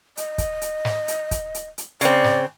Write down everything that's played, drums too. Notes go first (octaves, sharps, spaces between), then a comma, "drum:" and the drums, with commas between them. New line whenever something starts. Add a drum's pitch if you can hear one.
D#5, drum: hi-hat
drum: kick, hi-hat
drum: hi-hat
drum: snare
drum: hi-hat
drum: kick, hi-hat
drum: hi-hat
drum: hi-hat
C#3 C4 D5, drum: hi-hat
drum: snare